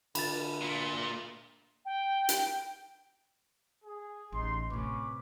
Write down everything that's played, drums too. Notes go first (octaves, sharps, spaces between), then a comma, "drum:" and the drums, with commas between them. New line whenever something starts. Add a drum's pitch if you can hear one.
D3 B5 A6, drum: cymbal
A#2
G5
drum: hi-hat
G#4
A1 D#4 C6
A2 C3 C#4 B4 D6